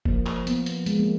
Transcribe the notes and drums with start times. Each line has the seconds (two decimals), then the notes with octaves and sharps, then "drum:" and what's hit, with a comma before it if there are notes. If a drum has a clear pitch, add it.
0.05 F3 A#3, drum: kick F#1
0.26 drum: clap
0.47 B3, drum: hi-hat
0.66 drum: hi-hat
0.86 G#3, drum: hi-hat
0.99 A#3